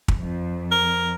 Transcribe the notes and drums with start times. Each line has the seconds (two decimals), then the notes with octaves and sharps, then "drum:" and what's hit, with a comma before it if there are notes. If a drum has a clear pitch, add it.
0.08 drum: kick
0.18 F2
0.72 A#4